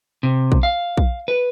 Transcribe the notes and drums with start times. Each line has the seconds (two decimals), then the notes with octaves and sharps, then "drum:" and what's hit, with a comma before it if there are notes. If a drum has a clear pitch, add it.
0.23 C3
0.52 drum: kick A#1
0.63 F5
0.97 drum: kick A#1
1.28 B4